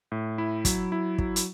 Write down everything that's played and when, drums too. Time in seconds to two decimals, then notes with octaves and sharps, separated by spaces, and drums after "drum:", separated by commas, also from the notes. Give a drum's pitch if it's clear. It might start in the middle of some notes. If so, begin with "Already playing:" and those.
0.12 A2
0.38 E4
0.65 F#3, drum: kick, hi-hat
0.92 E4
1.19 F#3, drum: kick
1.36 drum: hi-hat